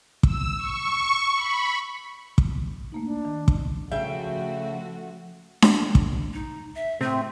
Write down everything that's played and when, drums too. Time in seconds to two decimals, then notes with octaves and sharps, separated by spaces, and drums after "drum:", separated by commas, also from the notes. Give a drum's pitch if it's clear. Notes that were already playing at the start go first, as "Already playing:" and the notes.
0.23 E6, drum: kick
0.58 C#6
1.34 B5
2.38 drum: kick
2.92 A3 A#3 D#4
3.04 D4
3.25 D#3
3.48 drum: kick
3.91 C#3 F3 A3 F#4 E5 G5
5.62 drum: snare D4
5.95 drum: kick
6.33 D#4
6.75 E5
7.01 A2 C3 A3 C4